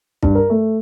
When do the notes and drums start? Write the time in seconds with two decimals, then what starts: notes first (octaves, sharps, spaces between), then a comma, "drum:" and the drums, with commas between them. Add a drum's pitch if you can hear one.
0.23 G2, drum: kick
0.35 A#4
0.50 A3